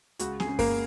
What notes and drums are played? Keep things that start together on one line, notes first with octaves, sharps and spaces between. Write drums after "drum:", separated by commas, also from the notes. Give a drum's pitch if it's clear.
C#2 F#4, drum: hi-hat
G#4, drum: snare C4
C#3
A#3 A#4, drum: kick F#2, open hi-hat